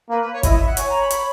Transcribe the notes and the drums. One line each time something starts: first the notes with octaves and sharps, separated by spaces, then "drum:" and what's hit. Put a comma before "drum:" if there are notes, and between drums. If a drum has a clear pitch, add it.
A#3 B4
B4
C#5
E4 D#5, drum: kick G1, hi-hat
E5
F#5
C#5 G#5, drum: hi-hat
A#5
B5
B5, drum: hi-hat